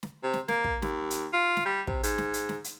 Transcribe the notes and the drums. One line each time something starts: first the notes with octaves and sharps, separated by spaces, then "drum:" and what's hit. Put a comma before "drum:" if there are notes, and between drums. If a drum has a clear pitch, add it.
drum: snare
C3
drum: snare
A#3, drum: snare
drum: kick
D#2, drum: snare
drum: hi-hat
F4
drum: snare
G3
C3, drum: kick
G#2, drum: hi-hat
drum: snare
drum: hi-hat
drum: snare
drum: hi-hat